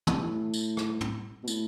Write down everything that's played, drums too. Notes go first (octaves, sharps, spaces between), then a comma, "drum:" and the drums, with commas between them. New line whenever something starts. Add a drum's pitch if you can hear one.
A2, drum: tom
G2
A2
drum: tambourine
drum: rim click
drum: tom
B2
A2, drum: tambourine